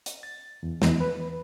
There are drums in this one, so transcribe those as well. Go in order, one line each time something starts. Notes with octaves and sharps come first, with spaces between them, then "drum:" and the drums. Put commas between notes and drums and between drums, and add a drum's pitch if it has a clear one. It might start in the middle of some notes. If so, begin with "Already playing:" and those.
drum: hi-hat
A6
E2
E2, drum: snare
B4